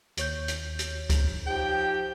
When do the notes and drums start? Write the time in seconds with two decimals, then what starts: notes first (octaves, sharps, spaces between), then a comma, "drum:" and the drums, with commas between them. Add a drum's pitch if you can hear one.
0.17 D#2 C#5 G6, drum: hi-hat
0.48 drum: hi-hat
0.79 drum: hi-hat
1.10 drum: kick C#2, hi-hat
1.47 F3 D#4 G4 G5